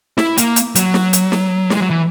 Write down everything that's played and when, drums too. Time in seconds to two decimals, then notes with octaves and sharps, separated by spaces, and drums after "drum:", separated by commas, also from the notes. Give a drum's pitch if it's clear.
0.18 E4, drum: snare
0.37 A#3, drum: hi-hat
0.56 drum: hi-hat
0.75 F#3, drum: hi-hat
0.94 drum: snare
1.13 drum: hi-hat
1.32 drum: snare
1.70 G#3, drum: snare
1.80 F#3
1.90 E3